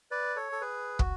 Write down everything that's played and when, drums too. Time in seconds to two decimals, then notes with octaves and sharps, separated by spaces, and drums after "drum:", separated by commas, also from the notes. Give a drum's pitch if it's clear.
0.11 B4 D5
0.36 A4 C#5
0.52 A4
0.61 G#4 B4
0.99 F#4, drum: kick